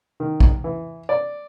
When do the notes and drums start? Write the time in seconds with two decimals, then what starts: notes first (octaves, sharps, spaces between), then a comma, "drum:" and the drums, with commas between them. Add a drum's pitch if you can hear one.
0.20 D#3
0.40 drum: kick
0.64 E3
1.09 D5